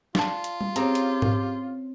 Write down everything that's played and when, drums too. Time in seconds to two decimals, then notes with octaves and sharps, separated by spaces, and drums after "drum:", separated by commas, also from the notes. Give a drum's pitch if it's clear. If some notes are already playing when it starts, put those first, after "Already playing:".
0.15 F4 D5 A5, drum: snare
0.44 drum: hi-hat
0.61 drum: tom G3
0.76 C4 C#4 G4 G#4 A#5, drum: hi-hat
0.95 drum: hi-hat
1.22 drum: tom G#2